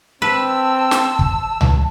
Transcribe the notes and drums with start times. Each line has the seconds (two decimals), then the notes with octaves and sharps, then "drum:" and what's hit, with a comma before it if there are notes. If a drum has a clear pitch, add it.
0.22 C4 B4 A5 E6
0.91 drum: snare
1.19 drum: kick
1.61 drum: tom C#2